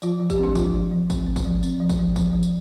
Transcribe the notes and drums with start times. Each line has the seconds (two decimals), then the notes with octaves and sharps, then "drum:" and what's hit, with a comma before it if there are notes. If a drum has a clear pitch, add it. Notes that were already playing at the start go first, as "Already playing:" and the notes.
0.02 F3 F4, drum: tambourine
0.20 F3
0.30 G4, drum: kick, tambourine
0.38 C4
0.43 D4, drum: tom
0.55 F3 F4, drum: kick, tambourine
0.74 F3
0.91 F3
1.10 C4, drum: kick, tambourine
1.27 C4
1.36 drum: kick, tambourine
1.45 F3
1.63 C4, drum: tambourine
1.80 F3
1.89 drum: kick, tambourine
1.99 F3
2.16 F3, drum: kick, tambourine
2.33 F3
2.43 drum: tambourine